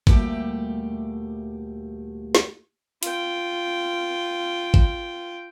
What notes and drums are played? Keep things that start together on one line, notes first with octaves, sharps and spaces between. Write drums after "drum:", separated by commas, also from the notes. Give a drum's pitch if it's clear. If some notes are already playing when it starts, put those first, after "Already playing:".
D2 A#2 G3 A3 G4 D5, drum: kick G#1
drum: snare
F4 G5, drum: hi-hat
drum: kick G#1